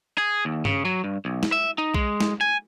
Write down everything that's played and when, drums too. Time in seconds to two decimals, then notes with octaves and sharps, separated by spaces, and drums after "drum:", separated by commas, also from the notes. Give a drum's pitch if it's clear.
0.18 G#4
0.45 D#2
0.65 C#3, drum: tom G2
0.85 F#3
1.04 G2
1.25 B1
1.43 drum: snare
1.52 E5
1.78 D#4
1.94 G#3, drum: kick B1
2.21 drum: snare
2.41 G#5